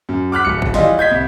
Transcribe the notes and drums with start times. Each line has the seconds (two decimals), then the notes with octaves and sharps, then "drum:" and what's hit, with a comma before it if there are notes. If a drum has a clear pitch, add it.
0.09 F#2
0.32 D6 F6 F#6 B6
0.45 D1 C#7
0.62 drum: kick
0.74 E3 G3 F4 D#5 C6, drum: snare
0.98 D#5 G6 G#6 B6
1.11 C2